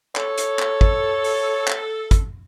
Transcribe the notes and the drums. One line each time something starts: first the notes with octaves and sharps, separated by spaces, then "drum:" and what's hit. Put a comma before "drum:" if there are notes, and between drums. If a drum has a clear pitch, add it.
A4 C#5, drum: clap
drum: hi-hat
drum: clap
drum: kick
drum: open hi-hat
drum: clap
drum: kick, hi-hat